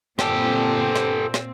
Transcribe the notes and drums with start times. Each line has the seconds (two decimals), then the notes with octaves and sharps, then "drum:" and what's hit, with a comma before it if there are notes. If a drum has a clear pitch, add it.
0.19 A#2 C4 G4 A4, drum: snare
0.96 drum: snare
1.34 drum: snare